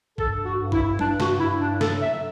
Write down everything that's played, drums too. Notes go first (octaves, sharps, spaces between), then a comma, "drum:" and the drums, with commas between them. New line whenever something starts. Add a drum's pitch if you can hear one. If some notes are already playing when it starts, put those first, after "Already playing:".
G2 A4, drum: kick
F#4
G2
E4, drum: kick
G2 D4, drum: tom F#3
F#4, drum: snare
G2 E4
D4
F#3 A4, drum: snare
E5